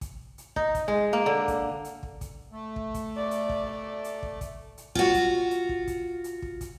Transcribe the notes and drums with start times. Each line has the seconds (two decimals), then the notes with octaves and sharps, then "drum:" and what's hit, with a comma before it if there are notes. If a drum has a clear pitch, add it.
0.01 drum: kick, hi-hat
0.38 drum: hi-hat
0.56 D#4, drum: kick
0.75 drum: kick, hi-hat
0.88 G#3
1.13 A#3
1.26 D3
1.48 drum: kick, hi-hat
1.84 drum: hi-hat
2.03 drum: kick
2.21 drum: kick, hi-hat
2.52 A3
2.76 drum: kick
2.94 drum: kick, hi-hat
3.17 D5
3.31 drum: hi-hat
3.49 drum: kick
3.71 D5
4.04 drum: hi-hat
4.23 drum: kick
4.41 drum: kick, hi-hat
4.78 drum: hi-hat
4.95 F4 F#4, drum: kick
5.14 drum: kick, hi-hat
5.51 drum: hi-hat
5.69 drum: kick
5.87 drum: kick, hi-hat
6.24 drum: hi-hat
6.42 drum: kick
6.61 drum: kick, hi-hat